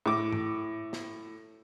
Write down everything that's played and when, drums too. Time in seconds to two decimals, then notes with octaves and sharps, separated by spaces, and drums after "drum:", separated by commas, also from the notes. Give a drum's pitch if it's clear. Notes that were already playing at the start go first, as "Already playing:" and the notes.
0.06 A2 D6
0.32 drum: tom G#2
0.93 drum: snare